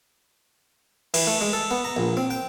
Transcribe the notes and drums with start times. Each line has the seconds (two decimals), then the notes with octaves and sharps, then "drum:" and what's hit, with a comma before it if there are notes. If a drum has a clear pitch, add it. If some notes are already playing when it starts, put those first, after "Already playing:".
1.14 E3, drum: cymbal
1.27 A3
1.41 G#3
1.53 A4
1.71 B3
1.85 A#5
1.97 A#1
2.17 C4
2.30 G5